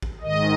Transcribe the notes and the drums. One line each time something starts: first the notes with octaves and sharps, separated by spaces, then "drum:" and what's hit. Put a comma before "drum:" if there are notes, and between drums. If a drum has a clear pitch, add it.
drum: kick A1
G#2 D#3 D#5